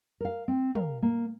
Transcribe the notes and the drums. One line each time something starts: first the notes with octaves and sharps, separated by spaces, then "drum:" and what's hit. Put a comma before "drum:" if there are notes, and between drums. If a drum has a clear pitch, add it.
A#4 F5
C4
A#4 F5, drum: tom
A#3